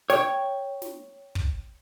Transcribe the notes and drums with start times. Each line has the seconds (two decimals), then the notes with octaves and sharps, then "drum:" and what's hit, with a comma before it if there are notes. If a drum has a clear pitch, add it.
0.10 C#5 G5, drum: snare
0.82 drum: snare
1.35 drum: kick